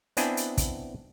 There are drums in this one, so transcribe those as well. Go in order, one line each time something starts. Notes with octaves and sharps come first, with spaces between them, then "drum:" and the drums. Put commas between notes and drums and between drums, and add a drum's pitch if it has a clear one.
B3 C4 D4 E4 D#5 G#5, drum: hi-hat
drum: hi-hat
drum: kick, hi-hat